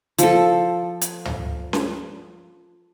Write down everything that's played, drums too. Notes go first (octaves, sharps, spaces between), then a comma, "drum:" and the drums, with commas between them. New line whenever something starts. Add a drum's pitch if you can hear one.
F3 A4, drum: hi-hat
drum: hi-hat
drum: tom
drum: snare C#4